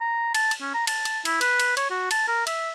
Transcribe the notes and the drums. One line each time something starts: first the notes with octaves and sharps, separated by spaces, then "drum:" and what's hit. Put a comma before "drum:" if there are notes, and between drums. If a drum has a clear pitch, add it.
A#5
A5, drum: cymbal
drum: cymbal
C#4
A#5
A5, drum: cymbal
drum: cymbal
E4, drum: cymbal
B4, drum: cymbal
drum: cymbal
C#5, drum: cymbal
F#4
A5, drum: cymbal
A#4
E5, drum: cymbal